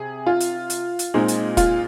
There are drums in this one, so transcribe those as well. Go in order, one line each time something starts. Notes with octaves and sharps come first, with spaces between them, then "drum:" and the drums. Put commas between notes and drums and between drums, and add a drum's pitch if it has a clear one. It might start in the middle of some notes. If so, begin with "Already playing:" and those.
Already playing: C3 G#4
F4
drum: hi-hat
drum: hi-hat
drum: hi-hat
A#2 G#3 C4 D#4
drum: hi-hat
F4, drum: kick E1, hi-hat